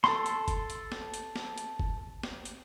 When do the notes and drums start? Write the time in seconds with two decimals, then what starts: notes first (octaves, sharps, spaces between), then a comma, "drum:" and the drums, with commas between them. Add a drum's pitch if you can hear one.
0.04 A4 C6, drum: snare
0.26 drum: hi-hat
0.48 drum: kick F#1, hi-hat
0.70 drum: hi-hat
0.92 drum: snare
1.14 drum: hi-hat
1.36 drum: snare
1.58 drum: hi-hat
1.80 drum: kick F#1
2.23 drum: snare
2.45 drum: hi-hat